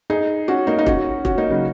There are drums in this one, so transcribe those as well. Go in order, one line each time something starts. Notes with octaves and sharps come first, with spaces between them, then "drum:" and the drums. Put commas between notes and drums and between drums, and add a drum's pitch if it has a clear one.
D#4 G#4
C#4 F#4
A#3 D#4
D#4
C#4 F#4, drum: kick
C#4 F#4, drum: kick
A#3 D#4
C#3 F#3